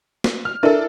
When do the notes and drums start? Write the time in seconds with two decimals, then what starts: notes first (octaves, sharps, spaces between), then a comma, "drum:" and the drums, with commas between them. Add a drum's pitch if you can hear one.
0.24 drum: snare
0.45 F6
0.63 D4 E4 A4 A#4 E5